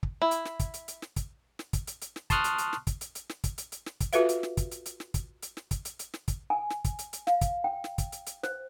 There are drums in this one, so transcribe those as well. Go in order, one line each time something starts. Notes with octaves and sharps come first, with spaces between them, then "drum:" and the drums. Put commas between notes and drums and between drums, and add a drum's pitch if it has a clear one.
drum: kick
E4
drum: hi-hat
drum: snare
drum: kick, hi-hat
drum: hi-hat
drum: hi-hat
drum: snare
drum: kick, hi-hat
drum: snare
drum: kick, hi-hat
drum: hi-hat
drum: hi-hat
drum: snare
A5 C6 C#6 D#6 F6 F#6, drum: kick, hi-hat
drum: hi-hat
drum: hi-hat
drum: snare
drum: kick, hi-hat
drum: hi-hat
drum: hi-hat
drum: snare
drum: kick, hi-hat
drum: hi-hat
drum: hi-hat
drum: snare
drum: kick, hi-hat
F4 F#4 A4 B4 E5 F5, drum: hi-hat
drum: hi-hat
drum: snare
drum: kick, hi-hat
drum: hi-hat
drum: hi-hat
drum: snare
drum: kick, hi-hat
drum: hi-hat
drum: snare
drum: kick, hi-hat
drum: hi-hat
drum: hi-hat
drum: snare
drum: kick, hi-hat
G#5
drum: snare
drum: kick, hi-hat
drum: hi-hat
drum: hi-hat
F5, drum: snare
drum: kick, hi-hat
G5
drum: snare
drum: kick, hi-hat
drum: hi-hat
drum: hi-hat
C5, drum: snare